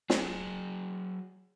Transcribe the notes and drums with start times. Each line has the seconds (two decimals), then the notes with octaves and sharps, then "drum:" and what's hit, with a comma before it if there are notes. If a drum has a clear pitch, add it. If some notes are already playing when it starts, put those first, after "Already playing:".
0.10 F#3 G#4, drum: snare